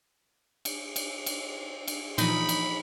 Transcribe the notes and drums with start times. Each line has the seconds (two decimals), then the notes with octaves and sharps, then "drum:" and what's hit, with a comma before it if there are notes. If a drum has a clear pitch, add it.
0.65 drum: cymbal
0.96 drum: cymbal
1.26 drum: cymbal
1.88 drum: cymbal
2.18 A#2 E3 F3 D#4 B5, drum: cymbal
2.49 drum: cymbal